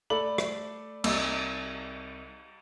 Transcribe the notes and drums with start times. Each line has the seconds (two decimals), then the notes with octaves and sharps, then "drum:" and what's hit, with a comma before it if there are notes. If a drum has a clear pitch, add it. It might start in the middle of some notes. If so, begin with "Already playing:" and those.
0.10 A3 A4 D5 B5 F#7
0.38 drum: rim click
1.04 C2 D#5 E6, drum: cymbal